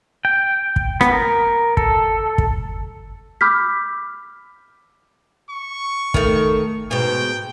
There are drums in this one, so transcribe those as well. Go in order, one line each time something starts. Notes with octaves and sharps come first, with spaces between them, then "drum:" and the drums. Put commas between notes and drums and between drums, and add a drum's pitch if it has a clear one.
G5
drum: kick
B3, drum: rim click
A#4
A4, drum: kick
drum: kick
B5 D6 E6 F6 G6 B6
C#6
D#3 A3, drum: kick
G#2 B2 G5